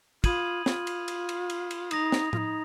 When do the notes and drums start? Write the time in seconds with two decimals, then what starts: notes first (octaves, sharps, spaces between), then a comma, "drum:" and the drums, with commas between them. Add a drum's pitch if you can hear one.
0.24 F4 B5 D#6 G#6 D#7 F#7, drum: kick, cymbal
0.66 F4, drum: snare
0.87 drum: cymbal
1.08 drum: cymbal
1.29 drum: cymbal
1.50 drum: cymbal
1.71 drum: cymbal
1.91 D#4 D#6 A#6 F7, drum: cymbal
2.12 drum: snare
2.33 F4, drum: tom A2
2.37 D#4